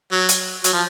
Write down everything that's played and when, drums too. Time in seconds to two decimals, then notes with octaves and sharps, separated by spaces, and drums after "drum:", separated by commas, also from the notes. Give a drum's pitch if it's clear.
0.11 F#3
0.29 drum: hi-hat
0.64 F#3, drum: hi-hat
0.73 F3